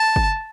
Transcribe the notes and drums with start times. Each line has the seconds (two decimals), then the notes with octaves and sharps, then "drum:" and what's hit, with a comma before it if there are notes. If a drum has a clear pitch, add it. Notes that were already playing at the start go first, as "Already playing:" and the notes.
Already playing: A5
0.16 drum: kick G1